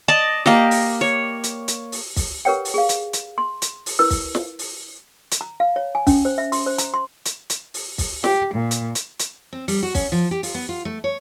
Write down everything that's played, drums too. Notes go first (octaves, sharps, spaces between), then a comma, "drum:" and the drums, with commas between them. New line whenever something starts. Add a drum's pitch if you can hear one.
D5 D#5 A5
A#3 G4 D#5, drum: snare
drum: open hi-hat
C#5
drum: hi-hat
drum: hi-hat
drum: open hi-hat
drum: kick, open hi-hat
G4 A#4 B4 C#5 F#5 G5
drum: open hi-hat
G#4 F5
drum: hi-hat
drum: hi-hat
C6
drum: hi-hat
drum: open hi-hat
E4 A#4 B4 E6
drum: kick, open hi-hat
drum: snare
drum: open hi-hat
drum: hi-hat
A#5
F5
C#5
G#5
C#4, drum: kick, open hi-hat
C5
E5
C6, drum: open hi-hat
C5
A#5, drum: hi-hat
C6
drum: hi-hat
drum: hi-hat
drum: open hi-hat
drum: kick, open hi-hat
G4, drum: snare
A#2
drum: hi-hat
drum: hi-hat
drum: hi-hat
C4
G3, drum: open hi-hat
F#4
C#4, drum: kick, open hi-hat
F3
G4
F4, drum: open hi-hat
B3
F4
A3
C#5